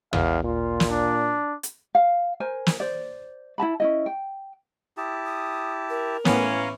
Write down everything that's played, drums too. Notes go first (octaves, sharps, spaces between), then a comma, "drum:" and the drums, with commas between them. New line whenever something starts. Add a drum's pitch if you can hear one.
E2 F5, drum: tom
A#2 F4
drum: snare
D4
drum: hi-hat
F5
A#4 C5 G#5
drum: snare
C5 D5
E4 E5 A5 B5
C#4 E4 D#5
G5
E4 G4 A5 D#6
D#6
A#4
A2 E3 B3 C#4 C#5 F5 A#5, drum: snare